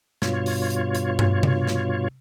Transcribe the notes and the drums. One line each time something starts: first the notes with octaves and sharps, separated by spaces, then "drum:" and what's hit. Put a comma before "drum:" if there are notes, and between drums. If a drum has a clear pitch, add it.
G2 B2 F4 C#5, drum: snare
drum: open hi-hat
drum: hi-hat
drum: hi-hat
drum: tom G2
drum: tom C3
drum: snare